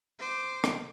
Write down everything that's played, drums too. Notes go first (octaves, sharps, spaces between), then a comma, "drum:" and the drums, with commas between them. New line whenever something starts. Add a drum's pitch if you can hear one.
C5 D6
drum: rim click